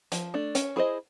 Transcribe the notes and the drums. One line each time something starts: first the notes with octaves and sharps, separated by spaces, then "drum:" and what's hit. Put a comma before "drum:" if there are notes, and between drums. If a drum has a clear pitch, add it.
F3, drum: hi-hat
A3 D4
C#4, drum: hi-hat
E4 G#4 C5 D#5